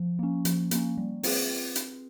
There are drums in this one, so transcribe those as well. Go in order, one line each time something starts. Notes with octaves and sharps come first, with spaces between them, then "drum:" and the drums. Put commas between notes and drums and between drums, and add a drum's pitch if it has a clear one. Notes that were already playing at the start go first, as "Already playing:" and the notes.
Already playing: F3
A#3 C#4
F3, drum: hi-hat
A#3 C#4, drum: hi-hat
G3
C4 F4 G#4 B4, drum: open hi-hat
drum: hi-hat